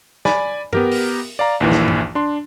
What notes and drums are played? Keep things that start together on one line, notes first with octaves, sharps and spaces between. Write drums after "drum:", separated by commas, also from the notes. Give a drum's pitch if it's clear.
D5 G#5 B5, drum: snare
B3 G4 A#4, drum: tom
drum: open hi-hat
D5 F5 A#5
A#1 D#2 E3
drum: snare
drum: tom
D4 C6